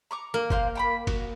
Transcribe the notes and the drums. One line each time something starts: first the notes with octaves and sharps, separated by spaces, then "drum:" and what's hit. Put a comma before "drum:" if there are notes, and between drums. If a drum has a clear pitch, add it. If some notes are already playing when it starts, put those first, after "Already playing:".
A#5 C#6 D6
A#3
A#4 C5 F5, drum: kick F#1
G5 A#5 B5
F#4, drum: kick F#1, cymbal